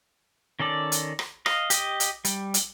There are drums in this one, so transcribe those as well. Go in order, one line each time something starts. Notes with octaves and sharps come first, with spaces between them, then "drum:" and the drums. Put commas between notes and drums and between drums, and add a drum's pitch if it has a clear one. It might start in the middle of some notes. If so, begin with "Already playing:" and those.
D#3 C#4 A4 D5
drum: hi-hat
drum: rim click
D#5 F5, drum: rim click
G4 D#5, drum: hi-hat
drum: hi-hat
G3, drum: hi-hat
drum: hi-hat